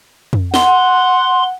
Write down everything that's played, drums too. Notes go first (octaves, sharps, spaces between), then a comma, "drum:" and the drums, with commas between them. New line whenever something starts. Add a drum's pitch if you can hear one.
drum: tom F2
F#5 C6, drum: snare